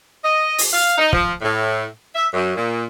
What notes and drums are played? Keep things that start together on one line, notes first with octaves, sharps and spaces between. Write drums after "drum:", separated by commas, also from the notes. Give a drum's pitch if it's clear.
D#5
drum: open hi-hat
F5
D#4
F3, drum: kick
A2
E5
F#2
A#2